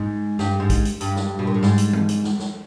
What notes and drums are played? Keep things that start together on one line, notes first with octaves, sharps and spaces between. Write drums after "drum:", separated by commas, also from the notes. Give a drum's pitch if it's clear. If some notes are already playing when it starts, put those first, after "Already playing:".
Already playing: G#2
G2, drum: snare
G#2
drum: kick, hi-hat
drum: hi-hat
G2, drum: hi-hat
drum: snare
B2
A#2
A2
G#2, drum: snare
drum: hi-hat
drum: tom E3
drum: hi-hat
drum: snare
drum: snare